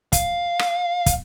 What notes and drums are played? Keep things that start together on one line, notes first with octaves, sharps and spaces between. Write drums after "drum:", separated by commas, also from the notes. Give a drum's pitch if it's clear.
F5, drum: kick, hi-hat
drum: rim click
drum: kick, hi-hat